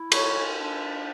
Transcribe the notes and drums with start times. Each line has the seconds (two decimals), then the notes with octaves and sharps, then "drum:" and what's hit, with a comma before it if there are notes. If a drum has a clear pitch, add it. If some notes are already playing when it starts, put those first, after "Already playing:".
Already playing: E4
0.12 C#5, drum: cymbal
0.58 D4